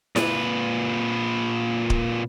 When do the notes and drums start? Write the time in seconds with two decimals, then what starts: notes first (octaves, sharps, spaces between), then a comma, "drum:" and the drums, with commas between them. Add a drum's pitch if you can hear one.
0.16 A#2 B4, drum: snare E4
1.90 drum: kick D1